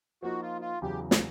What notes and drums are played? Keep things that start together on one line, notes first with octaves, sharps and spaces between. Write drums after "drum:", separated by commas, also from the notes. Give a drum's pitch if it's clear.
F3 A#3 D#4 F#4
F4
F4
E2 C#3 F#3 G4
drum: snare